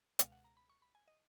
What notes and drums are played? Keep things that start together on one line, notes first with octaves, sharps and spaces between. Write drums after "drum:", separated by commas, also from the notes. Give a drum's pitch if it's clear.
C#2 B2 G#3 F5, drum: hi-hat
F#5
A#5
B5
C#6
B5
G#5
D#5